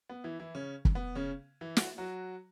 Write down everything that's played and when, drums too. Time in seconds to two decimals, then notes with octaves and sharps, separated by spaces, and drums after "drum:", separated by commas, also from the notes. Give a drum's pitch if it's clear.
0.09 B3
0.24 E3 E4
0.40 E3 E4
0.55 C#3 C#4
0.85 drum: kick
0.95 B3
1.15 C#3 C#4
1.61 E3 E4
1.77 F#4, drum: snare
1.98 F#3 F#4